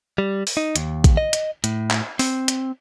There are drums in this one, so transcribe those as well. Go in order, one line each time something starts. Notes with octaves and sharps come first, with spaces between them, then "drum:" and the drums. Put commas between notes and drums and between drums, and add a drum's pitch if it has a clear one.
G3
drum: open hi-hat
D#4
D#2, drum: hi-hat
drum: kick, hi-hat
D#5
drum: hi-hat
A2, drum: hi-hat
drum: clap
C4, drum: open hi-hat
drum: hi-hat